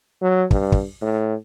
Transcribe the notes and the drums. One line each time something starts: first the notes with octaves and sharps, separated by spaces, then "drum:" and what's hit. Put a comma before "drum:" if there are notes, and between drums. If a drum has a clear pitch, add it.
F#3
G2, drum: kick
drum: kick
A2